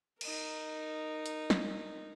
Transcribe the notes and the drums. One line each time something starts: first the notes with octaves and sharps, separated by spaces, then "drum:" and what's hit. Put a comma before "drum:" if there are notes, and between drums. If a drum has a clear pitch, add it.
D#4 A#4, drum: cymbal
drum: hi-hat
drum: snare